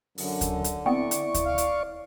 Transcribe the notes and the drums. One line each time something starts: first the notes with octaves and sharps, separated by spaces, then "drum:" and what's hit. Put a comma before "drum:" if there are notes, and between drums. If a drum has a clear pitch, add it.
F#2 D3, drum: open hi-hat
drum: kick D2, hi-hat
drum: hi-hat
B3 C4 E4 D5 C#6
drum: hi-hat
drum: kick D2, hi-hat
F5
drum: hi-hat